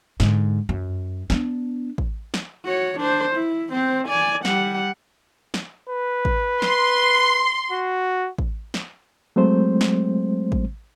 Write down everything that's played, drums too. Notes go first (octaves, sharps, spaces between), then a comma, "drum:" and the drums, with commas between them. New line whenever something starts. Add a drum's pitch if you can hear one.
G#2 D3, drum: snare
F#2
B3 D4, drum: snare
drum: kick A1
drum: snare
F#4 C#5
D4 C5
E4
C4 C5
D5 G#5
G3 F#5, drum: snare
drum: snare
B4
drum: kick A1
C6, drum: snare
F#4
drum: kick A1
drum: snare
F#3 G#3 A3 C4 C5
drum: snare
drum: kick A1